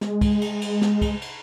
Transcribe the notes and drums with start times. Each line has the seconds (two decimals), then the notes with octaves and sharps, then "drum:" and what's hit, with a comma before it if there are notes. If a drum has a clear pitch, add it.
0.01 G#3, drum: snare
0.21 drum: kick, cymbal
0.41 drum: cymbal
0.61 drum: cymbal
0.81 drum: snare
1.02 drum: kick, cymbal
1.22 drum: cymbal